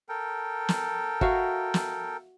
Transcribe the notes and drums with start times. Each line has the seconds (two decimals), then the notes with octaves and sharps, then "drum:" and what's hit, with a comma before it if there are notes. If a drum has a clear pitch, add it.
0.09 A4 A#4 G5
0.69 drum: snare
1.21 F#4 E5 F5, drum: kick G1
1.74 drum: snare